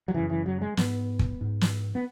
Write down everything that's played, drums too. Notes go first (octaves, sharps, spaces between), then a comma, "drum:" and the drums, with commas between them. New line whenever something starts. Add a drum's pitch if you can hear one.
F#3
F#2 C#3 E3
E3
F#3
G#3
G#2 B3, drum: snare
drum: kick
G#2
drum: snare
B3